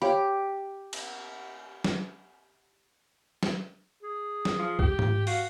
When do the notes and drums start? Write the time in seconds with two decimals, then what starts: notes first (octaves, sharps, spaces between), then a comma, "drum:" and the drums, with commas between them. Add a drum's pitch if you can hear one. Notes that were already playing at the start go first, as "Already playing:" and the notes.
0.02 G4 C#5 F5 B5
0.93 drum: cymbal
1.84 drum: snare
3.43 drum: snare
4.03 G#4
4.45 drum: snare
4.59 F3
4.79 G4, drum: kick B1
4.99 drum: tom G#2
5.27 F#4 F5, drum: open hi-hat